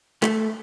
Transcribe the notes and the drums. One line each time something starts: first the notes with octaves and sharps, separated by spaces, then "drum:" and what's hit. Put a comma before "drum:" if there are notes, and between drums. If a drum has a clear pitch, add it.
A3, drum: clap